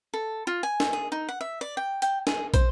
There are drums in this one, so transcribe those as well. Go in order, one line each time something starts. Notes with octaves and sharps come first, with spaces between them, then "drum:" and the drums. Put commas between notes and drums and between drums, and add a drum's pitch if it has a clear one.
A4
F4
G#5
drum: snare
G#4
D#4
F#5
E5
D5
G5
G5, drum: hi-hat
G#4, drum: snare
C5, drum: kick, hi-hat